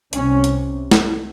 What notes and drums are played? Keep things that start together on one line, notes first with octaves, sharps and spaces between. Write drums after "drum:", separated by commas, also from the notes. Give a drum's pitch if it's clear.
C2 C3 C#4, drum: hi-hat
drum: hi-hat
drum: snare